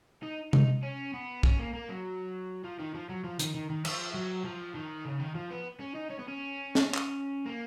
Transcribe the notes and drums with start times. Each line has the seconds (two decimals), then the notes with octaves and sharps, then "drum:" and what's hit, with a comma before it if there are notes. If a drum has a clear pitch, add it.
0.23 D#4
0.53 D#4, drum: tom C3
0.83 C#4
1.14 B3
1.43 C#4, drum: kick
1.59 A#3
1.73 A#3
1.89 F#3
2.64 F3
2.79 D#3
2.94 F3
3.09 F#3
3.24 F3
3.39 D#3, drum: hi-hat
3.55 D#3
3.70 D#3
3.85 F3, drum: cymbal
4.14 F#3
4.45 F3
4.75 D#3
5.05 C#3
5.20 D#3
5.35 F3
5.51 B3
5.80 C#4
5.95 D#4
6.10 C#4
6.19 B3
6.28 C#4
6.75 drum: snare
6.94 drum: clap
7.46 A#3